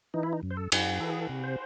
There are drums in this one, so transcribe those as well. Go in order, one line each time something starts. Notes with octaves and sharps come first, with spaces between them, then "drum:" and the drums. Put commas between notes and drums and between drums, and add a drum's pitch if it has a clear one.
E3 D#4
E4
D#4
F#2
C5
A4
F#2, drum: cymbal
E3 A4
G#4
A4
C3
C5